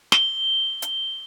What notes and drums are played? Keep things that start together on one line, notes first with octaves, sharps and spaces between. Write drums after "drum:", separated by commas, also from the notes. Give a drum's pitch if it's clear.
G7, drum: snare
drum: hi-hat